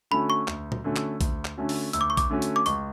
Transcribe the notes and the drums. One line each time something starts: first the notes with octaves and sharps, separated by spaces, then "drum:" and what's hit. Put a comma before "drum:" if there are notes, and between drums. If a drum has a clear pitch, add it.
D3 A3 C#4 F#4 B5
C#6
D2, drum: clap
drum: tom A#2
D3 A3 C#4 F#4
drum: clap
D2, drum: kick A#1, hi-hat
drum: clap
D3 A3 C#4 F#4
drum: open hi-hat
D2 E6, drum: hi-hat
D6
C#6
D6, drum: kick A#1, hi-hat
D3 A3 C#4 F#4
drum: hi-hat
D6
C#2 C#6, drum: hi-hat